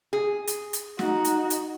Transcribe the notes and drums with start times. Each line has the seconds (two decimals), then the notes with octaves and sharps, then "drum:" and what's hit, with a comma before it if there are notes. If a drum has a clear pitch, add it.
0.13 G#4
0.47 drum: hi-hat
0.73 drum: hi-hat
0.99 D#4 F#4, drum: snare
1.25 drum: hi-hat
1.50 drum: hi-hat